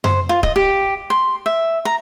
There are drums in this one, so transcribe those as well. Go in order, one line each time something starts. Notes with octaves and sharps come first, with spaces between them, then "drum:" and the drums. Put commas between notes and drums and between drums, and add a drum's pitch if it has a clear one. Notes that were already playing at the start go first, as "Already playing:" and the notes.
C5, drum: tom F#2
F4
D#5, drum: kick
G4
C6
E5
A#5